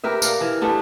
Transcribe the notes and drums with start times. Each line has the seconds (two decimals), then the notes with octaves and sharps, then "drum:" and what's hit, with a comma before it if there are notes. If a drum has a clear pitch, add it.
0.04 G4 A#4 B4 E5
0.22 A#4 D5 F5, drum: tambourine
0.41 E3
0.61 G3 A3 B3 D4